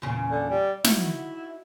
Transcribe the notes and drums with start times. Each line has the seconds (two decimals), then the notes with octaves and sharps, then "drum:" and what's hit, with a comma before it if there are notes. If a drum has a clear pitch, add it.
0.02 E2 A#2 C#3
0.31 D3
0.50 G3
0.84 D#4 E4 F#4, drum: snare